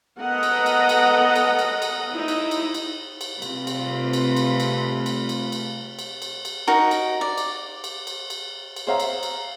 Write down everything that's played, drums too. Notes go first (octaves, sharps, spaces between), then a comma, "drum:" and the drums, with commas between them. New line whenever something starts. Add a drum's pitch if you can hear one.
B3 A4 A#4 D#5 F#5 A#5
drum: cymbal
drum: cymbal
drum: cymbal
drum: cymbal
drum: cymbal
drum: cymbal
D#4 E4
drum: cymbal
drum: cymbal
drum: cymbal
drum: cymbal
C3 G3 A3 C4 F4 B4, drum: cymbal
drum: cymbal
drum: cymbal
drum: cymbal
drum: cymbal
drum: cymbal
drum: cymbal
drum: cymbal
drum: cymbal
drum: cymbal
drum: cymbal
D#4 F#4 A#4
drum: cymbal
D5
drum: cymbal
drum: cymbal
drum: cymbal
drum: cymbal
drum: cymbal
G#4 C5 C#5 E5 F5 A#5
drum: cymbal
drum: cymbal